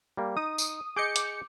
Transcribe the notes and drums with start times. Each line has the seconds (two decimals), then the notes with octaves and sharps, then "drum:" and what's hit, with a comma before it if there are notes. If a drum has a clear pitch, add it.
0.17 G3 A#3
0.37 D#4 D#6
0.58 drum: tambourine
0.96 G#4 D#5 D6 G6 C#7
1.16 drum: hi-hat